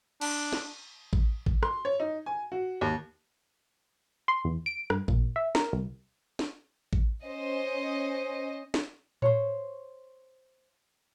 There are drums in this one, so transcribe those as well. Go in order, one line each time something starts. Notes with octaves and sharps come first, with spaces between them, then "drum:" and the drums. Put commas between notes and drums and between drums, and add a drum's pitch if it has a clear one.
D4, drum: cymbal
drum: snare
drum: kick A1
drum: kick A1
C6, drum: rim click
C#5
D#4
G#5
F#4
D#2
C6
E2
D7
G2, drum: rim click
A#2, drum: kick A1
E5
A#4, drum: snare
C2
drum: snare
drum: kick A1
C#4 C5 D#5
drum: snare
C5 C#5, drum: tom A2